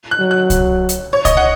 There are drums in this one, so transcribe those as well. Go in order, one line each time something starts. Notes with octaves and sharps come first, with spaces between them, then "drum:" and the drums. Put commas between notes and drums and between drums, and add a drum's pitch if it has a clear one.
F#6
F#3
F#6
drum: kick C2, hi-hat
drum: hi-hat
C#5
D#5, drum: kick C2, hi-hat
F#5